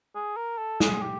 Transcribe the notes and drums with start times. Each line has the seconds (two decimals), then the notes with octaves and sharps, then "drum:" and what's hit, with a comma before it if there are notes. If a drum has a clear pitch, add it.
0.15 G#4
0.36 A#4
0.58 A4
0.80 G#4, drum: snare
1.02 G4